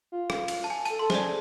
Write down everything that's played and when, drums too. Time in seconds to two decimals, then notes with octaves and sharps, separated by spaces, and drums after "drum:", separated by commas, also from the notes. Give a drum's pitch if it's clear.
0.12 F4
0.30 drum: rim click
0.48 drum: cymbal
0.64 A5
0.70 G#5
0.85 A4 A5, drum: tambourine
0.99 A4 C6
1.10 G#4 C5, drum: snare
1.15 D5